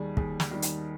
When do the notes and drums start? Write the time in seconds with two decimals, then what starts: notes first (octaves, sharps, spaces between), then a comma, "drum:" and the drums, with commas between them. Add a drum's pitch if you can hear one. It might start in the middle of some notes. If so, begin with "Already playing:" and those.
Already playing: D#2 D#3 G3 G#4
0.17 D#2 G#4, drum: kick
0.40 drum: snare
0.51 D#3 G3
0.62 drum: hi-hat